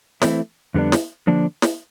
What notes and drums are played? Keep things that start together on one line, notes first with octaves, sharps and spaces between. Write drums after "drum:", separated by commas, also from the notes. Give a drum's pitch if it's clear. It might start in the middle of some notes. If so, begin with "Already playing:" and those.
E3 A3 C4 E4, drum: snare
F2 D3 G3 B3 D4
drum: snare
D3 F3 A#3 D4
drum: snare